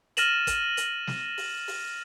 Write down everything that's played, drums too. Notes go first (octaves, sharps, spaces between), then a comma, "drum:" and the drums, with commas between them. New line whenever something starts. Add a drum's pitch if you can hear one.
F6 A6 A#6 D#7 E7 F#7, drum: hi-hat
drum: kick, hi-hat
drum: hi-hat
drum: snare
drum: open hi-hat
drum: open hi-hat